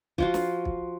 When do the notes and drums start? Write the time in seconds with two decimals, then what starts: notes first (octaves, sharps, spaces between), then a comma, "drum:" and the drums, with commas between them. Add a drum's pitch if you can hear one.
0.18 F3 F4 F#4, drum: kick
0.34 drum: snare
0.65 drum: kick